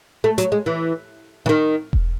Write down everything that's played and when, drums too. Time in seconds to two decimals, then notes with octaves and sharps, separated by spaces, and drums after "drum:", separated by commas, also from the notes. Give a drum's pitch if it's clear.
0.24 A3
0.38 F#3, drum: hi-hat
0.52 G#3
0.66 E3
1.46 E3
1.49 D#3
1.93 drum: kick E1